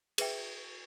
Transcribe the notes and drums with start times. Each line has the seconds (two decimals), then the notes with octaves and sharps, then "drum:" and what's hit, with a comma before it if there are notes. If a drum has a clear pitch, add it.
0.18 G#4 B4 E5 G5, drum: cymbal